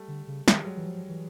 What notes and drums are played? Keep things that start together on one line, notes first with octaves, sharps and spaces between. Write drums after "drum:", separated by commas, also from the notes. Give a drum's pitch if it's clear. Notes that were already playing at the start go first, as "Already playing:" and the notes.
Already playing: G3 A3
D3
C#3
D#3 G#3, drum: snare
G3
F#3 G#3
E3
F3
E3